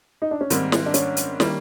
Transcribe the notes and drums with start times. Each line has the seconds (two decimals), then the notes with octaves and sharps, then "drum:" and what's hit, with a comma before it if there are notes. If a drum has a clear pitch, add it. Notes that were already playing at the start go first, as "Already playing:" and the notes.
0.22 D#4
0.31 D4
0.41 C#4
0.50 G#2 D#3 G3 A#3 C4, drum: hi-hat
0.72 drum: snare
0.86 D4
0.94 C#4, drum: hi-hat
1.17 drum: hi-hat
1.40 D#3 G3 A#3, drum: snare